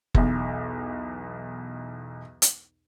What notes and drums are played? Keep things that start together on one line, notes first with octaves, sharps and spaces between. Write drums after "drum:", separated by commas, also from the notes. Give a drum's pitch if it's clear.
B1 E2, drum: kick F#1
drum: hi-hat